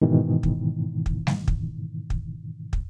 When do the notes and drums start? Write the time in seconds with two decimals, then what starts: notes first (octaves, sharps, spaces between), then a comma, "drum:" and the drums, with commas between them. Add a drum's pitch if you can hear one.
0.01 G#2 B2 D#3 E3
0.43 drum: kick
1.06 drum: kick
1.27 drum: snare G3
1.48 drum: kick
2.10 drum: kick
2.73 drum: kick